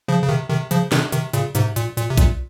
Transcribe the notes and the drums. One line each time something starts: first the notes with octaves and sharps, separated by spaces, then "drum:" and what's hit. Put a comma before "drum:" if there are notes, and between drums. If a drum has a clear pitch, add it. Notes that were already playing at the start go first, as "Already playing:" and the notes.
C#3 F3
C#3
C3 D#3
C3 D#3
C#3 F3, drum: hi-hat
C3 D#3, drum: snare
C3 D#3, drum: hi-hat
A#2 C#3, drum: hi-hat
G#2 C3, drum: hi-hat
A#2, drum: hi-hat
A#2, drum: hi-hat
C3
A#2, drum: kick A#1, hi-hat